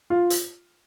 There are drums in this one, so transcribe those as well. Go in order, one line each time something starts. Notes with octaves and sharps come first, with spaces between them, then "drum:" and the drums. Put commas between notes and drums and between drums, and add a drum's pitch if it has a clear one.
F4
drum: hi-hat